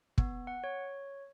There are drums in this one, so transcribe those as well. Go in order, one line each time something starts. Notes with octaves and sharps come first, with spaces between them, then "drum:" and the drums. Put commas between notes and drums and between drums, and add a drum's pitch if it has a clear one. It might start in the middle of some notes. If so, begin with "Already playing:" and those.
B3, drum: kick
F#5
C#5